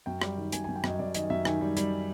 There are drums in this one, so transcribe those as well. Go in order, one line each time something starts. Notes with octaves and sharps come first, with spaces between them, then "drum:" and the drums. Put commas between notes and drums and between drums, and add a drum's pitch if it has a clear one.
F#2 G5
G3, drum: rim click
D#3
F#2 G#5, drum: hi-hat
F#2 G#5
G5
F#2 D#5, drum: rim click
F#2 D5
D#3 D#5, drum: hi-hat
F#2 E5
D#3 G#5, drum: rim click
G3
G3, drum: hi-hat